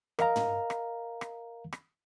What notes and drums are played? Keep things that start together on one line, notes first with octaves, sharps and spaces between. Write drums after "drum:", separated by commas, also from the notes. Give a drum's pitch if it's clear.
A#4 D#5 F5 A#5, drum: rim click
drum: tom
drum: rim click
drum: rim click
drum: rim click